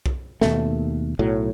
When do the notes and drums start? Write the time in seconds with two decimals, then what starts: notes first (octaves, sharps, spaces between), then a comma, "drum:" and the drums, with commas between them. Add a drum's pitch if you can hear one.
0.06 drum: kick B1
0.41 D#2 B2 A3, drum: snare
1.19 B1 A2 F#3